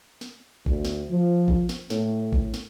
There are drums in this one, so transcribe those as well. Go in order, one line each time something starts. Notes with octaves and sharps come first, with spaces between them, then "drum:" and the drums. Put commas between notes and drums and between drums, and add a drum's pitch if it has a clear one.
drum: snare
D2, drum: kick
drum: snare
F3
drum: kick
drum: snare
A2, drum: snare
drum: kick
drum: snare